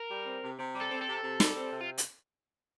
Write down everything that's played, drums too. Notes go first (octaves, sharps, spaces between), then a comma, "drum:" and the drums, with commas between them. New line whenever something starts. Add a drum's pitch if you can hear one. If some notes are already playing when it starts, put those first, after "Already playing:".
Already playing: A#4
G3
C4
C3
C3
G3
A4
C4
A4
C3
C3
G3, drum: snare
C4
C3
F4
drum: hi-hat